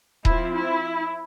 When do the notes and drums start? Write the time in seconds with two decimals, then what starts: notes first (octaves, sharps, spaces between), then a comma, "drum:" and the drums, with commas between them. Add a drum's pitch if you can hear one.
0.25 F3 C4 E4, drum: kick D#1
0.54 E4